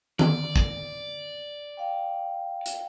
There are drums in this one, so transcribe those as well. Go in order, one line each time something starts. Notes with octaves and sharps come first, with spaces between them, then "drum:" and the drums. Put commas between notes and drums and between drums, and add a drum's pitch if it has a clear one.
D5, drum: tom D#3
drum: kick
F5 G5
drum: hi-hat